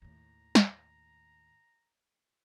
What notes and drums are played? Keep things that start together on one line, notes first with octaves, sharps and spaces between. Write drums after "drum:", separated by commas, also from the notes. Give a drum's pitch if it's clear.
D#2 A2 A#5
drum: snare